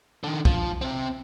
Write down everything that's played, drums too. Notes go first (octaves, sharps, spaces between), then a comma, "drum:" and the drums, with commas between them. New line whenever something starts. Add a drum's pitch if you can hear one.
D3 D#3
F3, drum: kick B1
C3 C4